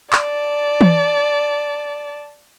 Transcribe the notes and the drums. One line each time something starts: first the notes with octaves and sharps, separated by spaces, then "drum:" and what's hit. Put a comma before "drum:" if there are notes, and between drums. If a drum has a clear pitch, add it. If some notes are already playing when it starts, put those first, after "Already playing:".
D5 A5, drum: clap
drum: tom E3